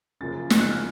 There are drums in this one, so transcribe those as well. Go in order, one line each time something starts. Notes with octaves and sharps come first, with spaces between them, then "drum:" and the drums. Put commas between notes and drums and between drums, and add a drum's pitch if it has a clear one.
F#2 C#3 F3 A#3 A6
F#2 C#3 F3 A#3 F#6, drum: snare
F#6
F6